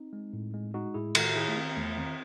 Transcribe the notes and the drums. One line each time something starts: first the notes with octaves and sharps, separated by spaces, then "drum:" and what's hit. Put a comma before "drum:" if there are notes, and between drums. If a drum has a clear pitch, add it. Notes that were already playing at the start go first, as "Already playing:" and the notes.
Already playing: C4 D#4
G#3
A2
G#3
G#3 D#4 F#4
A2 E4 G#4
D#3 F#4 A4, drum: cymbal
D#3 E4 G#4
A3
D#3 C4
C4
E2 A3
D#3 C4